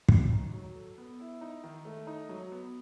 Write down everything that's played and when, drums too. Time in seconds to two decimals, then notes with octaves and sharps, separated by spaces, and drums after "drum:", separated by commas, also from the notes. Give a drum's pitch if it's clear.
0.09 F#2, drum: kick
0.31 D#3
0.52 F#3
0.75 A4
0.98 B3
1.20 E4
1.41 D#4
1.64 D#3
1.85 A3
2.07 D#4
2.29 F#3
2.52 B3